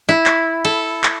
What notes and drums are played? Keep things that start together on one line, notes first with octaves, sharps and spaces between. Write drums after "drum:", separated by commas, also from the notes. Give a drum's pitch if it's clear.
E4
drum: clap
A4, drum: cymbal
drum: clap